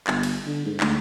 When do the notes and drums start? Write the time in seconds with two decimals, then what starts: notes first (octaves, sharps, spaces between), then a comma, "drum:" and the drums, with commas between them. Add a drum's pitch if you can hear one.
0.07 G1, drum: clap
0.23 drum: cymbal
0.46 D3
0.66 G#2
0.80 D2, drum: clap